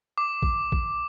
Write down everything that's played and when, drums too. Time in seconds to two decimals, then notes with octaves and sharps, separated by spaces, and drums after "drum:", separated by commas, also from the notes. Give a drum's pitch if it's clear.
0.18 D6
0.42 drum: kick A#1
0.72 drum: kick A#1